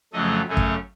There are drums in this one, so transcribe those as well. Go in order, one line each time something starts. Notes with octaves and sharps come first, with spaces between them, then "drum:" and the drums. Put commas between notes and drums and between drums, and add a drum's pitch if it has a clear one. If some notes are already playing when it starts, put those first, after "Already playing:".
F2 C#3 F#3 A3 D#5
F#2 C#3 A3 C#4
drum: kick